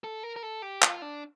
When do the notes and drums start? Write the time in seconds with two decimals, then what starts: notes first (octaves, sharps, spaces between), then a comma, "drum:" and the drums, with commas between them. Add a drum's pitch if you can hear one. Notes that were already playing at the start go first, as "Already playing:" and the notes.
0.04 A4
0.24 A#4
0.36 A#4
0.43 A4
0.62 G4
0.82 F4, drum: clap
1.02 D4